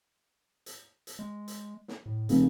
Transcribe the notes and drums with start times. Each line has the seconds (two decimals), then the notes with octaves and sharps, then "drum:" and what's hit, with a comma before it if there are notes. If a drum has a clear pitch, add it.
0.66 drum: hi-hat
1.07 drum: hi-hat
1.19 G#3
1.48 drum: hi-hat
1.88 drum: snare
2.06 A2
2.29 F1 C#3, drum: hi-hat